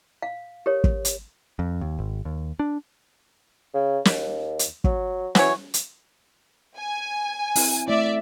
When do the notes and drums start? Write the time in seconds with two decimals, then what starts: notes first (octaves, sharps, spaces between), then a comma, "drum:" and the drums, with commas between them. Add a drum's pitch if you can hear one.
0.22 F5
0.66 G4 A#4 C#5
0.84 drum: kick
1.05 drum: hi-hat
1.59 F2
1.81 D#2
1.99 G#1
2.25 D#2
2.59 D4
3.74 C#3
4.05 D#2, drum: snare
4.59 drum: hi-hat
4.84 F#3, drum: kick
5.35 E3 F#3 C#4 C#5, drum: snare
5.74 drum: hi-hat
6.79 G#5
7.56 C4 E4, drum: open hi-hat
7.88 A3 E4 D5 E5